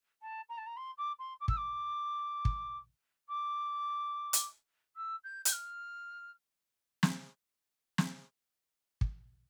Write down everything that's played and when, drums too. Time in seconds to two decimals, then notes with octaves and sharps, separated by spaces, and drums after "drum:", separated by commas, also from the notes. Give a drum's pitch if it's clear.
0.21 A5
0.49 A#5
0.57 A5
0.66 A#5
0.76 C6
0.97 D6
1.19 C6
1.40 D6
1.48 E6, drum: kick
1.57 D6
2.45 drum: kick
3.28 D6
4.33 drum: hi-hat
4.96 E6
5.24 G6
5.45 G6, drum: hi-hat
5.52 F6
7.03 drum: snare
7.98 drum: snare
9.01 drum: kick